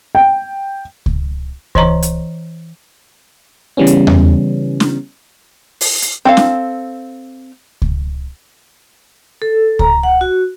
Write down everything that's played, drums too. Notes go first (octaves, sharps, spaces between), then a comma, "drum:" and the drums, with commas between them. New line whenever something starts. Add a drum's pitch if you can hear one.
G5
drum: kick C#2
E3 C#5 D#5 A#5 C#6, drum: kick C#2
drum: hi-hat
C#3 E3 G3 B3 C#4
drum: hi-hat
drum: tom E2
drum: snare
drum: open hi-hat
drum: hi-hat
C4 A4 F5
drum: snare
drum: kick C#2
A4
A#5, drum: kick C#2
F#5
F#4